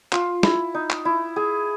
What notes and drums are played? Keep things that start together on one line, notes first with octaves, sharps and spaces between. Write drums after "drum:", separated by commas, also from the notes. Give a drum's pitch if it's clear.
F4, drum: clap
E4, drum: snare
D#4
drum: clap
E4
G#4